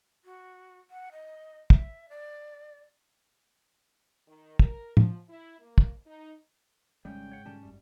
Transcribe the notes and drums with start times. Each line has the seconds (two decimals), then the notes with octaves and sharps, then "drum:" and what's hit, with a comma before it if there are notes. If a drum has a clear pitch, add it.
0.25 F#4
0.91 F#5
1.12 D#5
1.70 E5, drum: kick
2.09 D5
4.28 D#3
4.59 A#4, drum: kick
4.97 F3, drum: tom
5.29 E4
5.60 A#3
5.78 drum: kick
6.07 D#4
7.05 G#1 G#2 C#3 G3 G#3 C#4 G5
7.32 C#5 F#5
7.45 B2 D3 G3 C#4 A5
7.63 G#1 F#2 G3